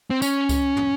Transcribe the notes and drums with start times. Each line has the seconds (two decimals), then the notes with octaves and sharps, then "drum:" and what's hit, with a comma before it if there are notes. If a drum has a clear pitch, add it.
0.10 C4
0.22 C#4, drum: tambourine
0.49 drum: kick C#2, tambourine
0.77 drum: tom